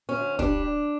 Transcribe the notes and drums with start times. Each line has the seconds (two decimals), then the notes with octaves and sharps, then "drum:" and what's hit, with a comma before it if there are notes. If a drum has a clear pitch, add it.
0.09 C#4
0.16 D2
0.39 G3 D4, drum: kick